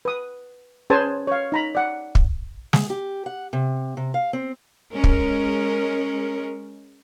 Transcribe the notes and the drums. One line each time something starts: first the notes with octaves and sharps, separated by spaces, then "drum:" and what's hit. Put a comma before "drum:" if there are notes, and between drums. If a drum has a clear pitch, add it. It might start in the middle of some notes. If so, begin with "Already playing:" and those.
B4 D#6
C#4 G#4 B4 C5 G#5 A5
C#5 F5
D#4 A#5 B5
D5 F#5
drum: kick
G#4, drum: snare
G4
F#5
C3
C3
F5
C4
G#3 C#4 A#4
drum: kick